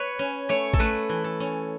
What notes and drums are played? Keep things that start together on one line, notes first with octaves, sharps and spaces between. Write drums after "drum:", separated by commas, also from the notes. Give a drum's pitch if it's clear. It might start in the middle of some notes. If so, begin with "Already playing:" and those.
Already playing: B4 C#5
C#4
A3 C#5
A4, drum: kick
A3 B4
E3
A4
C#4, drum: tambourine